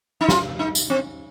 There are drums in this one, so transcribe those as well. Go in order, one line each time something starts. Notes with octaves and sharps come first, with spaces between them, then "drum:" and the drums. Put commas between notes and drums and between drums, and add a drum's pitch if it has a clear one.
D#4
F4, drum: snare
D#4
drum: tambourine
C4